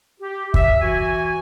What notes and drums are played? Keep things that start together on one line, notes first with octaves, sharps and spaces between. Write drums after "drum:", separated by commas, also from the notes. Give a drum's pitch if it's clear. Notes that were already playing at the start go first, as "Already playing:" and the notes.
G4
E5, drum: kick
E3 F#4 G#5